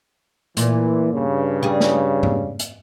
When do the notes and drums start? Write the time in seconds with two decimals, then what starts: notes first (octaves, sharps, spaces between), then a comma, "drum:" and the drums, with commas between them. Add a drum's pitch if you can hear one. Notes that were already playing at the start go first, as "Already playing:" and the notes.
0.57 A#2 E3, drum: hi-hat
1.13 G2 C#3
1.63 G3 G#4
1.80 drum: snare
2.23 drum: tom G#2
2.59 drum: hi-hat